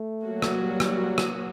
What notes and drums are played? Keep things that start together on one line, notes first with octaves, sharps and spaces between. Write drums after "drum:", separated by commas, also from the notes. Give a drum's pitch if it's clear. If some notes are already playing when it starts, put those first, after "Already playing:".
Already playing: A3
F#3 A#3 F#4
drum: rim click
G3
drum: rim click
drum: rim click